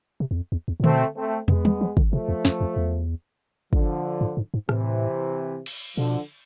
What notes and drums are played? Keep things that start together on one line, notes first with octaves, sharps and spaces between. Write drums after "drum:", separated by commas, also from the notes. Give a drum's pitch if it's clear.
C3
E2
F2
E2
E2
A2
B2 A3 C4, drum: tom D3
A3 C4
C3 G#3 B3, drum: tom
E3, drum: tom G3
F3
D3, drum: kick
C3 F3 A3
E2
F2, drum: snare
F2
E2
D3 F3, drum: kick
G#2
G#2
G#2
A2 C3 E3, drum: rim click
drum: cymbal
B2 D3 F3